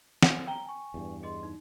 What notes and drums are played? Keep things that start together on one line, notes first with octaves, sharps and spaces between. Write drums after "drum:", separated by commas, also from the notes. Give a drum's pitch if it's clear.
C5 F#5 G#5, drum: snare
G5 A#5 G7
G#5 C#6
E2 G2
G#4 D#5 C6
D#4